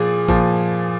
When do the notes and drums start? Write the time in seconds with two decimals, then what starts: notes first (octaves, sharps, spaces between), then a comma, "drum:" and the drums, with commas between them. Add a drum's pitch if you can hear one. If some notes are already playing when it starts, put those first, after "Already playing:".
Already playing: A#2 F3 G#4
0.28 A#2 F3, drum: kick A1